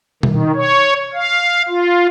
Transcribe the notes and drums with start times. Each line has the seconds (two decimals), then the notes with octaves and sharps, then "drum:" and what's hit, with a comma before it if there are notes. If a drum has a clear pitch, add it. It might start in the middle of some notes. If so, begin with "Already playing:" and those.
0.23 D#3, drum: tom B2
0.55 C#5
1.14 F5
1.69 F4